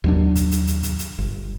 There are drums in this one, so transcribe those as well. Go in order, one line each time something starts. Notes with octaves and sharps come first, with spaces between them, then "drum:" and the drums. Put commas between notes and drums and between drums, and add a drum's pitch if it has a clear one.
D#2 F#3 D4
drum: kick, hi-hat
drum: hi-hat
drum: hi-hat
drum: kick, hi-hat
drum: hi-hat
G1